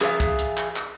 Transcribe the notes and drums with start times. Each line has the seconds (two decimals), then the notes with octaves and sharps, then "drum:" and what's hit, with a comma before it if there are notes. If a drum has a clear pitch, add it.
0.01 G#4 A4 C5 E5 F5, drum: clap
0.20 drum: kick, hi-hat
0.39 drum: hi-hat
0.57 drum: clap
0.76 drum: clap